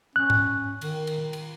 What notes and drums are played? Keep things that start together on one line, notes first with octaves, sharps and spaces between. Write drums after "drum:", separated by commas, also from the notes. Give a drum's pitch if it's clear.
C#4 F#6
drum: tom G#2
D#3, drum: cymbal
drum: cymbal
drum: cymbal